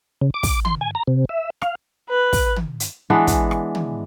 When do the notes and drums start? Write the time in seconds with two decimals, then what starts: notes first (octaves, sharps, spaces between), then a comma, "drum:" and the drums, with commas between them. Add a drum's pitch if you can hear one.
0.22 C#3
0.34 D6
0.43 drum: kick, open hi-hat
0.65 C6, drum: tom
0.81 G#5
0.95 A#5
1.08 C3
1.29 E5
1.62 F5, drum: rim click
2.09 B4
2.33 drum: kick, open hi-hat
2.56 drum: tom
2.80 drum: hi-hat
3.10 E3 G#3 B3 D4
3.27 drum: kick, hi-hat
3.51 drum: rim click
3.75 drum: tom